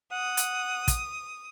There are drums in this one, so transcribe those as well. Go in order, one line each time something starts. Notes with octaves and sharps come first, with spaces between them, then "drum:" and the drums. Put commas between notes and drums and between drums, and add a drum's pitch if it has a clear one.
F#5 D#6
drum: hi-hat
drum: kick, hi-hat